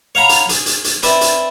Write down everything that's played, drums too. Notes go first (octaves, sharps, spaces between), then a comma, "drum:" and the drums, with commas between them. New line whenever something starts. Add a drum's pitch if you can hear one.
C#5 F5 F#5 A#5 B5
drum: hi-hat
G#4, drum: hi-hat
drum: hi-hat
drum: hi-hat
C4 B4 D5 E5, drum: hi-hat
drum: hi-hat